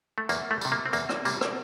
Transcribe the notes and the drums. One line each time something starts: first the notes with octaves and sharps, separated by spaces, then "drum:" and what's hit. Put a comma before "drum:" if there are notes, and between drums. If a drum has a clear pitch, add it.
A3
E2 A#3, drum: tambourine
A3
C3 G3, drum: tambourine
A#3
C4
E2 A#3, drum: tambourine
drum: rim click
C3 G3 A#3, drum: tambourine
drum: rim click